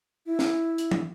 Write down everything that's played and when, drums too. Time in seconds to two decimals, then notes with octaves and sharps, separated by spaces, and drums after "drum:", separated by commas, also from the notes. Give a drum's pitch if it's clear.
0.26 E4
0.39 drum: snare
0.78 drum: hi-hat
0.91 drum: tom